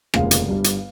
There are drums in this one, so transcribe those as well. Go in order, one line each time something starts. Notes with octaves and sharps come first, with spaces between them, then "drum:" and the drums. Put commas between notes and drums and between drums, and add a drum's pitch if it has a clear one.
F1 D#2 C#3 F3 G#3 F5, drum: rim click
drum: hi-hat
G1 G2 G3
drum: hi-hat